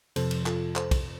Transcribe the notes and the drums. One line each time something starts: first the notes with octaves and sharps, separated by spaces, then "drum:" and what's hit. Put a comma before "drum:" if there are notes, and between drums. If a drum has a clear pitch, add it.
F2 C3 F3 A4 C5, drum: cymbal
drum: cymbal
F4 A4, drum: clap
A4 C5, drum: clap
drum: kick, cymbal